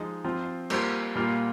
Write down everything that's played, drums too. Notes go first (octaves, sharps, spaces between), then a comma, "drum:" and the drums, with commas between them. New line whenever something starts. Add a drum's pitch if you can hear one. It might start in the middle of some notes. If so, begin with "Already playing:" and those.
Already playing: F3 G#3 D#4
F3 C4 F4 C5
G3 A#3 F4 C5, drum: cymbal
A#2 G3 A#3 F4